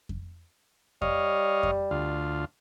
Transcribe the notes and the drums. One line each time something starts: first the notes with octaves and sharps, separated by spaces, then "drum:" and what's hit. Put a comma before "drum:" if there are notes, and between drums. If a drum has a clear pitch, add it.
drum: kick F2
G3 C#5 D#5 F5, drum: kick F2
drum: kick F2
D2 F4